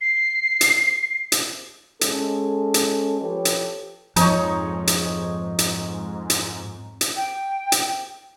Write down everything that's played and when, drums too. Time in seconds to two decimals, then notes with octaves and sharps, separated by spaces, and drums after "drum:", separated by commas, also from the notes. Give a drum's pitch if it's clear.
0.01 C7
0.61 drum: hi-hat
1.32 drum: hi-hat
2.01 G#3 C#4 A4, drum: hi-hat
2.74 drum: hi-hat
3.20 F3 G4 A4 B4 C#5
3.45 drum: hi-hat
4.16 F2 G#2 F3 D#4 C#5, drum: hi-hat
4.87 drum: hi-hat
5.59 drum: hi-hat
6.30 drum: hi-hat
7.01 drum: hi-hat
7.17 G5
7.72 drum: hi-hat